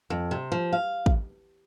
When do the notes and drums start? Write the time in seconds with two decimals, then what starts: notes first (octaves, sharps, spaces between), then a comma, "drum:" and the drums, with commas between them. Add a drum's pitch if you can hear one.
0.10 F2
0.31 C3
0.52 F3
0.73 F5
1.06 drum: kick